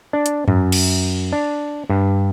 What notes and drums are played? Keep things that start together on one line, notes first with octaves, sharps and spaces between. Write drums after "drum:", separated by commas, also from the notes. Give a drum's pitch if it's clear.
D4
drum: hi-hat
F#2, drum: tom G2
drum: cymbal
D4
G2